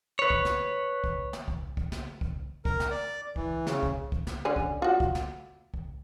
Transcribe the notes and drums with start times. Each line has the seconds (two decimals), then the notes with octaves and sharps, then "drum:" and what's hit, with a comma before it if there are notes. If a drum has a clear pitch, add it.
0.19 B4 C#5
0.30 drum: kick
0.45 drum: snare
1.04 drum: kick
1.33 drum: snare
1.48 drum: kick
1.77 drum: kick
1.92 drum: snare
2.21 drum: kick
2.65 A#4, drum: kick
2.80 drum: snare
2.91 D5
3.36 E3, drum: kick
3.67 C#3, drum: snare
3.83 drum: kick
4.12 drum: kick
4.27 drum: snare
4.45 D3 C#4 G#5
4.56 drum: kick
4.82 F4 F#4
5.00 drum: kick
5.15 drum: snare
5.74 drum: kick